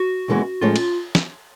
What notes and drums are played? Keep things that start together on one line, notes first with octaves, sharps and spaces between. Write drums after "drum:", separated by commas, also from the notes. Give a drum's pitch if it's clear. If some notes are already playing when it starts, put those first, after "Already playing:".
Already playing: F#4
D#2 C#3 E3 G#3 B3
A2 F3 G#3 C#4 F4
drum: cymbal
drum: snare